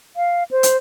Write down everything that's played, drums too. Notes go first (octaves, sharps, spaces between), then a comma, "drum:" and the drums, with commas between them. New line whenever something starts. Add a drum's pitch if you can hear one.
F5
C5
drum: hi-hat